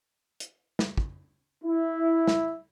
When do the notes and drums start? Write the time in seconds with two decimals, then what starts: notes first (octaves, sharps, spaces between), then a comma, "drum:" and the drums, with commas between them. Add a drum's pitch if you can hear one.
0.40 drum: hi-hat
0.79 drum: snare
0.97 drum: kick
1.64 E4
2.28 drum: snare